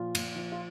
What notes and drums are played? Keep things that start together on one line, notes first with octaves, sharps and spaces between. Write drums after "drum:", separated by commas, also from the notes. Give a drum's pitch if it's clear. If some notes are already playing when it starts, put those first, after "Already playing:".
Already playing: A#2 F3 F4
A#2, drum: cymbal
F3
F4